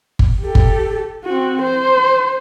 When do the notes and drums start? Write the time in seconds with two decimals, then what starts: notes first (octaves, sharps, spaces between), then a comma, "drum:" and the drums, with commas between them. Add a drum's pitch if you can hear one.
0.19 drum: kick G1
0.42 G4 A4
0.55 drum: kick G1
1.25 C4 F#4
1.62 C5